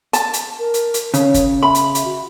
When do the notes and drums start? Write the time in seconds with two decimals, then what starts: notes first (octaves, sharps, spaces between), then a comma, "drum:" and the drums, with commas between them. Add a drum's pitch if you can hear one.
0.13 A5, drum: hi-hat
0.33 drum: hi-hat
0.59 A#4
0.74 drum: hi-hat
0.94 drum: hi-hat
1.14 C#3 C#5, drum: hi-hat
1.34 drum: kick G1, hi-hat
1.62 E5 B5
1.75 drum: hi-hat
1.95 drum: hi-hat
2.05 F#4